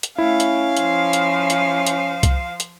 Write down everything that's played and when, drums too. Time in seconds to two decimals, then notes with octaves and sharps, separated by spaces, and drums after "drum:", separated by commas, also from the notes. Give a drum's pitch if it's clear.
0.03 drum: hi-hat
0.18 A3 C#4 E4 F5
0.40 drum: hi-hat
0.77 F3 C5, drum: hi-hat
1.13 drum: hi-hat
1.50 drum: hi-hat
1.87 drum: hi-hat
2.23 drum: kick C2, hi-hat
2.60 drum: hi-hat